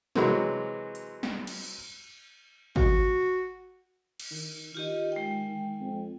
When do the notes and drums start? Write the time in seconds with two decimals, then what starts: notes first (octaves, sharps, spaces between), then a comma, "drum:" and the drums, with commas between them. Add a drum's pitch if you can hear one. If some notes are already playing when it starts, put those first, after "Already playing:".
0.16 C3 E3 F#3 G#3, drum: snare
0.95 drum: hi-hat
1.23 drum: snare
1.47 drum: cymbal
2.76 F#4, drum: kick G#1
4.20 drum: cymbal
4.31 D#3
4.75 D#3 F4 G4 D#5
5.12 G#3 G5
5.80 F2